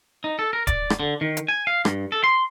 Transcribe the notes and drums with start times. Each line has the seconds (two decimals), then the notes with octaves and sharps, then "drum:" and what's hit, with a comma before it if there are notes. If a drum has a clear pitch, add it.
0.24 D#4
0.39 A4
0.53 A#4
0.67 D5, drum: kick D1, hi-hat
0.90 drum: rim click
1.00 D3
1.21 D#3
1.37 drum: hi-hat
1.48 G#5
1.67 F5
1.85 G2, drum: rim click
2.12 A4
2.24 C6